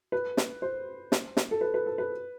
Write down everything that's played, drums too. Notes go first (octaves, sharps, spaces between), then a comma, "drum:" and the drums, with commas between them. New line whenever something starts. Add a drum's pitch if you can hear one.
B4
drum: snare
C5
drum: snare
drum: snare
A4
B4
B4
A4
B4